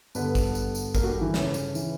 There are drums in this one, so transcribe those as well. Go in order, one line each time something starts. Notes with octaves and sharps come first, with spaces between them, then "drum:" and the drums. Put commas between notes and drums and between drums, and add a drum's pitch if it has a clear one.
G2 D3 B3 B4, drum: tambourine
drum: kick G#1, tambourine
drum: tambourine
drum: tambourine
A#3 A#4, drum: kick G#1, tambourine
F#4
G3 G4
E3 E4
C#3 C#4, drum: snare
drum: tambourine
E3, drum: tambourine